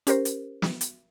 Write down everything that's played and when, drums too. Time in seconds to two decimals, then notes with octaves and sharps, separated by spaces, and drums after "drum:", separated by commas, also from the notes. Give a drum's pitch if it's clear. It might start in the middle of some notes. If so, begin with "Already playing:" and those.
0.07 C#4 G4 A#4 C5, drum: hi-hat
0.25 drum: hi-hat
0.62 drum: snare
0.81 drum: hi-hat